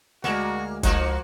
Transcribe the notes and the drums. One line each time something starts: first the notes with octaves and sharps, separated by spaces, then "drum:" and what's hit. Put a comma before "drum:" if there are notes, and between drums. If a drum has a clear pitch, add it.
D2 G#3 A#3 F#4
C#2 F3 A#3 D#4 F#4, drum: kick F#1, hi-hat